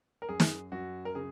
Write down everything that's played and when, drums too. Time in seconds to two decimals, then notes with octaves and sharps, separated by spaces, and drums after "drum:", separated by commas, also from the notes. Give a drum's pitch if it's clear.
0.22 A#4
0.29 F#2 G#4
0.40 drum: snare
0.72 F#2 F#4
1.05 A#4
1.15 C#3 G#4